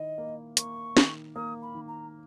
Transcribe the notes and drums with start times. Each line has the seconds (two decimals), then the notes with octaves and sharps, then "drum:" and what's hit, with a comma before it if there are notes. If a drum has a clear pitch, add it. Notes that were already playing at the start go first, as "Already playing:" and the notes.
Already playing: D#3 E4 D#5
0.18 A#3
0.57 A#3 C#6, drum: hi-hat
0.97 D#3, drum: snare
1.36 A#3 D#6
1.62 B5
1.75 D#3
1.88 A#5